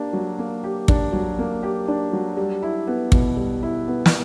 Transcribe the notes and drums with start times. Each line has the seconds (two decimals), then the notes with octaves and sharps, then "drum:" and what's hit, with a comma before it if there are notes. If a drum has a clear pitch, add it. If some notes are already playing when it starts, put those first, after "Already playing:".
Already playing: A#3 D4 G4
0.13 F#3
0.38 A#3
0.64 G4
0.88 D4, drum: kick
1.12 F#3
1.39 A#3
1.63 G4
1.88 D4
2.13 F#3
2.37 G3
2.62 E4
2.87 B3
3.12 B2, drum: kick
3.37 G3
3.62 E4
3.88 B3
4.06 drum: snare